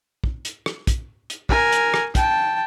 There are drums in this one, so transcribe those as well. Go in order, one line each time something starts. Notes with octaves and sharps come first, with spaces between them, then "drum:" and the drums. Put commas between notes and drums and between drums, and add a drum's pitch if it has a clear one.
drum: kick
drum: hi-hat
drum: rim click
drum: kick, hi-hat
drum: hi-hat
A#4 G#5, drum: kick
drum: hi-hat
drum: rim click
G5 A5, drum: kick, hi-hat